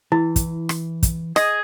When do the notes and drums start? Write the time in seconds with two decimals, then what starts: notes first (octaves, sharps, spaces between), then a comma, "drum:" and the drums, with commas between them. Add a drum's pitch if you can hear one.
0.12 E3 E4
0.36 drum: kick, hi-hat
0.69 drum: rim click
1.03 drum: kick, hi-hat
1.36 G#4 D#5, drum: rim click